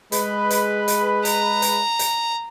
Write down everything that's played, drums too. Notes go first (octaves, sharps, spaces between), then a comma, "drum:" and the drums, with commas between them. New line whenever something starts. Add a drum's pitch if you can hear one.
G#3 B4, drum: hi-hat
drum: hi-hat
drum: hi-hat
A#5, drum: hi-hat
drum: hi-hat
drum: hi-hat